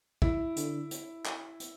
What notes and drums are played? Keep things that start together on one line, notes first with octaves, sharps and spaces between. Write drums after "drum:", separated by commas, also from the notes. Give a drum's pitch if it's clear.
E4, drum: kick
D3, drum: hi-hat
drum: hi-hat
drum: clap
drum: hi-hat